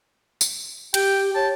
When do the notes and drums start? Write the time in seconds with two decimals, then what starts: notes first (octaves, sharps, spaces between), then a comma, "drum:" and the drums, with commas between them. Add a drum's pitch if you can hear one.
0.41 drum: tambourine
0.94 G4 G5, drum: hi-hat
1.35 C#5 A5